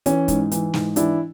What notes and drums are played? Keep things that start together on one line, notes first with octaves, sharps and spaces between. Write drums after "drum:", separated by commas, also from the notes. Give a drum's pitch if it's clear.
E3 C#4, drum: hi-hat
G#2, drum: kick, hi-hat
E3, drum: hi-hat
G#2, drum: snare
E3 D4 E4, drum: hi-hat